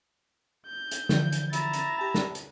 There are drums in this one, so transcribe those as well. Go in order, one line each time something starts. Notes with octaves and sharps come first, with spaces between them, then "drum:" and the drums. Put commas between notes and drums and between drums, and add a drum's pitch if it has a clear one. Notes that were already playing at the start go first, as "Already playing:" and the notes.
G6
drum: hi-hat
D3 E3 F3, drum: snare
drum: hi-hat
E4 A#5 A6, drum: hi-hat
drum: hi-hat
G4 A5
drum: snare
drum: hi-hat